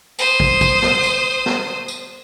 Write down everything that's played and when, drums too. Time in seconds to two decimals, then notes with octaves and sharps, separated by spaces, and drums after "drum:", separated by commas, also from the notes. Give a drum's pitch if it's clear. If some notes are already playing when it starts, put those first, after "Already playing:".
0.19 C5 D#6, drum: tambourine
0.40 drum: kick
0.61 drum: kick, tambourine
0.82 drum: snare
1.03 drum: tambourine
1.46 drum: snare
1.88 drum: tambourine